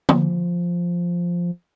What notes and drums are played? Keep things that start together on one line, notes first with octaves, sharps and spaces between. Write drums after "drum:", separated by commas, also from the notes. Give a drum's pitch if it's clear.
F3, drum: tom